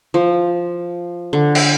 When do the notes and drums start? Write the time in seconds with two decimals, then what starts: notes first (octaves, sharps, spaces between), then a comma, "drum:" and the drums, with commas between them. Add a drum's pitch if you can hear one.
0.14 F3
1.33 D3
1.55 drum: cymbal